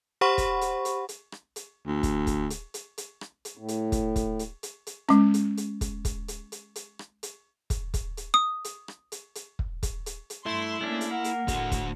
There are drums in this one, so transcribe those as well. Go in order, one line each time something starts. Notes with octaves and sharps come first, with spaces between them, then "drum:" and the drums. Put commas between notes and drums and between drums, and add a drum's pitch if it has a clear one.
G4 C5 F#5 B5 C#6
drum: kick, hi-hat
drum: hi-hat
drum: hi-hat
drum: hi-hat
drum: rim click
drum: hi-hat
D2
drum: kick, hi-hat
drum: kick, hi-hat
drum: hi-hat
drum: hi-hat
drum: hi-hat
drum: rim click
drum: hi-hat
A2
drum: hi-hat
drum: kick, hi-hat
drum: kick, hi-hat
drum: hi-hat
drum: hi-hat
drum: hi-hat
G#3 C#4, drum: rim click
drum: hi-hat
drum: hi-hat
drum: kick, hi-hat
drum: kick, hi-hat
drum: hi-hat
drum: hi-hat
drum: hi-hat
drum: rim click
drum: hi-hat
drum: kick, hi-hat
drum: kick, hi-hat
drum: hi-hat
D#6
drum: hi-hat
drum: rim click
drum: hi-hat
drum: hi-hat
drum: kick
drum: kick, hi-hat
drum: hi-hat
drum: hi-hat
G2 A3 E4 C6
A3 A#3 C#4 D4
drum: hi-hat
A#4 F#5
drum: hi-hat
A2 D3 F#4, drum: kick, hi-hat
drum: kick, hi-hat